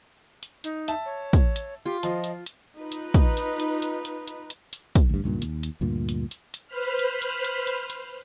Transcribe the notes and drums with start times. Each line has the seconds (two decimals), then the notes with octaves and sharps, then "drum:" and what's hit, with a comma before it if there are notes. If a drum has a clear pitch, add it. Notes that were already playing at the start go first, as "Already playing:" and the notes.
0.43 drum: hi-hat
0.64 D#4, drum: hi-hat
0.88 E5 A5, drum: hi-hat
1.06 C#5
1.33 drum: kick, hi-hat
1.56 drum: hi-hat
1.86 F4 G4
2.03 F3 D#5, drum: hi-hat
2.24 drum: hi-hat
2.46 drum: hi-hat
2.77 D#4 F4 B4
2.92 drum: hi-hat
3.14 drum: kick, hi-hat
3.37 drum: hi-hat
3.60 drum: hi-hat
3.82 drum: hi-hat
4.05 drum: hi-hat
4.28 drum: hi-hat
4.50 drum: hi-hat
4.73 drum: hi-hat
4.95 drum: kick, hi-hat
5.10 D2 G2
5.24 C#2 G2 A#2
5.42 D#2, drum: hi-hat
5.63 drum: hi-hat
5.81 D2 G2 A#2
6.09 drum: hi-hat
6.31 drum: hi-hat
6.54 drum: hi-hat
6.68 B4 C5 B5 F6
6.99 drum: hi-hat
7.22 drum: hi-hat
7.44 drum: hi-hat
7.67 drum: hi-hat
7.90 drum: hi-hat